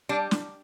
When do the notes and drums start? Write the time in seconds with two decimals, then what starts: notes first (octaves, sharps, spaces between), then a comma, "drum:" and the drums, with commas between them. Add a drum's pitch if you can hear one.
0.09 G3 D4
0.31 drum: snare